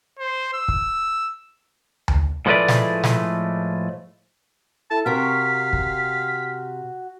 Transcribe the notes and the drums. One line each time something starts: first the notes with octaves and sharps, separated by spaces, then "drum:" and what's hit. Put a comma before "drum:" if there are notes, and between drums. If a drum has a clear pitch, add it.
C5
E6
drum: kick
drum: tom D2
A2 F3 G#3 A3 B4 D5
drum: snare
drum: snare
E4 A4 A5
C3 F#4 A#4 F5 B6
drum: kick